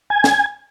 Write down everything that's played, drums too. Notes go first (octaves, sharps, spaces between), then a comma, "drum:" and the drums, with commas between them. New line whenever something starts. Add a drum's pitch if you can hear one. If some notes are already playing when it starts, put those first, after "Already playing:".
G#5
drum: snare